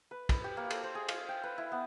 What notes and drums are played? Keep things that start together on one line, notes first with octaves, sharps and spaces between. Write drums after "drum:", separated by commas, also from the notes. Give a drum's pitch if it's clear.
B4
B5, drum: kick, cymbal
G4
A#3
A4, drum: cymbal
C5
G#4
F5, drum: cymbal
G5
B4
E4
B3